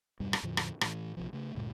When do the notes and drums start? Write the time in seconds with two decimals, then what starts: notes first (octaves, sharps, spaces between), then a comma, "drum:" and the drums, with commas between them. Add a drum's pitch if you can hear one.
0.20 E2 G2 B2 G3
0.33 drum: rim click
0.43 E2 A2 D3 F3
0.57 drum: rim click
0.81 A2 E3, drum: rim click
1.17 A#1 C3 F3
1.33 C#3 A3
1.55 D2 G2 A#2 G#3